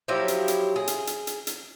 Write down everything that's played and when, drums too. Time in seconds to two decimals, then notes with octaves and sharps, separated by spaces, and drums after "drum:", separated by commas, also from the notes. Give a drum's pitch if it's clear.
0.08 F3 F#3 E4 G4
0.28 drum: hi-hat
0.48 drum: hi-hat
0.76 G#4
0.87 drum: hi-hat
1.07 drum: hi-hat
1.27 drum: hi-hat
1.47 drum: hi-hat